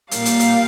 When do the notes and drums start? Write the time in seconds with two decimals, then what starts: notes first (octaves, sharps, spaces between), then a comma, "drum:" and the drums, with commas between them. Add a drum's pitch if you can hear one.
0.11 A#2 G3 A#3 F5, drum: hi-hat
0.25 drum: hi-hat
0.40 drum: hi-hat